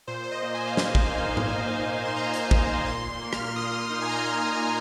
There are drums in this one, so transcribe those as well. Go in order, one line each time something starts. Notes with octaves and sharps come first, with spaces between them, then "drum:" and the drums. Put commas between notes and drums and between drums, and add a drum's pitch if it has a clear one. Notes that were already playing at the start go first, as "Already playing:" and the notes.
A#2 C5
C5
D#5
A#3
G#5
F5
A#2 D#5, drum: snare
F5, drum: kick
D#4
drum: tom G#2
A#2 F5
A#3
C6
A#2 A#5
drum: hi-hat
D#4 A#5, drum: kick
A#2 C6
A#3
F6, drum: rim click
A#2 D#6
D#4
G#5
A#5
C6
A#2 D#6
A#3